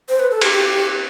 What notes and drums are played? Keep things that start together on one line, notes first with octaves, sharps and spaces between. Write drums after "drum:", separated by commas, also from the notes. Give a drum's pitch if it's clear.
C5
B4
A4
G4, drum: cymbal
G4